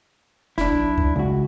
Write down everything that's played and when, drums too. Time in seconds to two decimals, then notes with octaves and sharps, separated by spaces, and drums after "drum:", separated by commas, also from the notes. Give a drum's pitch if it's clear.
0.58 F1 D4 E4, drum: snare
0.71 B1
0.98 drum: kick C2
1.16 C#2 F#4